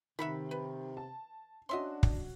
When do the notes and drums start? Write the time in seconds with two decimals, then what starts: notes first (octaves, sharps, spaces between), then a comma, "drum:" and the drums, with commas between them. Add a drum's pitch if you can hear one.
0.19 C3 D#3 E5 F#5 B5
0.51 B4
0.97 A5
1.69 C#4 D4 F#4 D#5 E5 C6
2.03 drum: kick